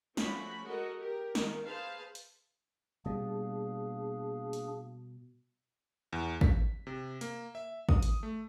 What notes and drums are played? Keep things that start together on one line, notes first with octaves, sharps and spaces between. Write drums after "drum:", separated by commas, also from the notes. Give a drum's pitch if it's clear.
F3 A3 C#4 F#4 B5, drum: snare
G#3 F#4 A4 A#4 D#5
G4 A#4
D#3, drum: snare
G#4 B4 C5 F5 A5
drum: hi-hat
B2 G3 A#3 D4 G#4
drum: hi-hat
E2
B6, drum: kick
C3
A#3, drum: hi-hat
E5
D#6, drum: kick
drum: hi-hat
A3